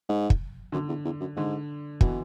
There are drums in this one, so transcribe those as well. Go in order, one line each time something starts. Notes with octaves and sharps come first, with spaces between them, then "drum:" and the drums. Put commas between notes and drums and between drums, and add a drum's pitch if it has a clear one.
G#2
drum: kick
F#2 D3
E2
E2
F#2
G#2 D3
B2 E3, drum: kick